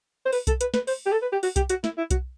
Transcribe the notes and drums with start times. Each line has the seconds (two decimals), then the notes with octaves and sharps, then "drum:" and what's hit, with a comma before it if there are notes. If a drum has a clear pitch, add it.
0.25 C5
0.33 B4, drum: open hi-hat
0.47 A4, drum: kick B1, hi-hat
0.61 B4, drum: hi-hat
0.74 B4, drum: snare
0.87 C5, drum: open hi-hat
1.06 G4
1.12 A4
1.22 B4
1.32 G4
1.43 F#4, drum: open hi-hat
1.56 G4, drum: kick B1, hi-hat
1.69 F#4, drum: hi-hat
1.84 E4, drum: snare
1.97 E4
2.11 F#4, drum: kick B1, hi-hat